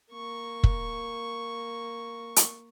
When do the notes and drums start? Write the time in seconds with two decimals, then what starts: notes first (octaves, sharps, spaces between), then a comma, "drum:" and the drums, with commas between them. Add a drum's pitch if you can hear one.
0.12 A#3 C#6
0.63 drum: kick
2.36 drum: hi-hat